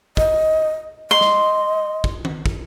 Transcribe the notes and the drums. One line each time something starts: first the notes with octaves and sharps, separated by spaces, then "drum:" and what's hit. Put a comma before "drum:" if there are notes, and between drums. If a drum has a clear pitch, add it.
D#5, drum: kick
D#5 C6
drum: snare
drum: kick
drum: tom D#3
drum: kick